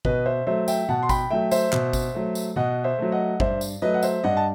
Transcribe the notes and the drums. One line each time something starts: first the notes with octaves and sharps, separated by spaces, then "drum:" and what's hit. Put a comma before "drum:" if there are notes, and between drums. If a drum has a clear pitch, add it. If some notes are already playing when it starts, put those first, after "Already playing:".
B2 B4 D#5, drum: kick G#1
C5 E5
F#3 A3 C5 E5
E5 G5, drum: tambourine
B2 F#5 A5
C6
G5 B5, drum: kick G#1, tambourine
F#3 A3 E5 G5
C5 E5, drum: tambourine
B2, drum: clap
drum: kick G#1, tambourine
F#3 A3
drum: tambourine
B2 D#5 F#5
C5 E5
F#3 A3
D#5 F#5
G2 C5 E5, drum: kick G#1
drum: tambourine
F#3 A3 B4 D#5
F#5
C5 E5, drum: tambourine
G2 D#5 F#5
A5